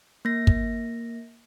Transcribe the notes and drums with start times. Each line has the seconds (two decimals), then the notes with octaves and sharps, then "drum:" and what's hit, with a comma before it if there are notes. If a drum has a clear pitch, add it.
0.25 A#3 A#6
0.47 drum: kick